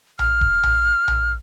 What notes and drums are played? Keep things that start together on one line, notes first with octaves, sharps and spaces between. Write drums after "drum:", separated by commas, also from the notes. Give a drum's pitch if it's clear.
F6, drum: tom A#1
drum: kick D#1
drum: tom A#1
drum: tom A#1